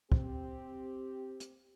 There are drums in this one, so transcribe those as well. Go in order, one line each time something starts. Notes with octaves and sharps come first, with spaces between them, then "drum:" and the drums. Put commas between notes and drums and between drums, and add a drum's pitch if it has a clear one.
C4 G4, drum: kick
drum: hi-hat